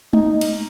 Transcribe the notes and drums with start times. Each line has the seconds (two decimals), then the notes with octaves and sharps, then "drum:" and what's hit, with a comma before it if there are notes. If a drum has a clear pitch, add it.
0.13 D#4, drum: tom G#3
0.41 drum: cymbal